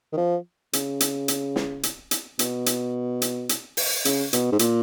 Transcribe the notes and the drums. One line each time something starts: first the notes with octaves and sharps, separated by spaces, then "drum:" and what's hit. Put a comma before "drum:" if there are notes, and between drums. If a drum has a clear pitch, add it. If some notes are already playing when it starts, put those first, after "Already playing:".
D#3
F3
C#3, drum: hi-hat
drum: hi-hat
drum: hi-hat
drum: snare
drum: hi-hat
drum: hi-hat
B2, drum: hi-hat
drum: hi-hat
drum: hi-hat
drum: hi-hat
drum: open hi-hat
C#3, drum: hi-hat
B2, drum: hi-hat
G#2
A#2, drum: hi-hat